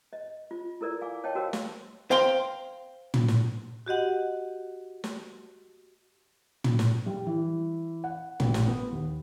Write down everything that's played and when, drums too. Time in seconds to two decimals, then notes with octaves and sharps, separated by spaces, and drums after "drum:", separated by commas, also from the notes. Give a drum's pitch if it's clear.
0.13 D#5
0.51 F4
0.81 E4 A4 A#4 D5
1.01 F5 G#5 D6
1.24 C#5 D#5 G5 A5
1.35 F#4 A#4 C5 C#5 F5
1.53 drum: snare
2.11 C5 F5 G5 A#5 C6
3.14 drum: tom
3.28 drum: snare
3.86 F#4 G4 D#5 F#5
5.04 drum: snare
6.64 drum: tom
6.79 drum: snare
7.06 G3
7.27 E3
8.04 F#5
8.40 A1, drum: tom
8.54 drum: snare
8.67 B3
8.92 D#2